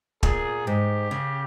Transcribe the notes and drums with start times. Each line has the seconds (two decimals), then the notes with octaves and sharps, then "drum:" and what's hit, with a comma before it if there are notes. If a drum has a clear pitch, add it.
0.23 A#2 G#4, drum: kick
0.67 G#2 G4
1.11 C#3